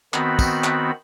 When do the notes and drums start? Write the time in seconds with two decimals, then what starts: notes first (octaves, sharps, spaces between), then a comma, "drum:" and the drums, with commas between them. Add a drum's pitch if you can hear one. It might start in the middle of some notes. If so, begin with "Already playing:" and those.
0.14 D#3 B3 C4 F#4 B5, drum: clap
0.39 drum: kick, tambourine
0.64 drum: clap